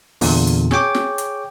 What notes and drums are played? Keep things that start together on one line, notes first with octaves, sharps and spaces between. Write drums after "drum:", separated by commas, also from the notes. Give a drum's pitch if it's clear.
E2 A#2 D3, drum: open hi-hat
drum: hi-hat
G#4 C#5 G5 D6, drum: snare
drum: snare
drum: hi-hat